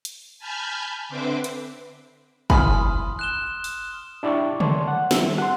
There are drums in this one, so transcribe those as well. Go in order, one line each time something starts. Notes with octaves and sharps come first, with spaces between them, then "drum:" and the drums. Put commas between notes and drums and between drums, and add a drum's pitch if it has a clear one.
drum: hi-hat
G#5 A5 B5 F6 G6 G#6
D3 C4 B4 C5 E5 D6
drum: hi-hat
E4 G#5 B5 C6 D#6 F6, drum: kick
F#6 E7 G7
drum: open hi-hat
D4 E4 G4 D5 G5 C#6
C#5 D5 A5 C6, drum: tom C#3
F#5
D#3 F#3 G3 E4 E6, drum: snare
F#5 C6, drum: rim click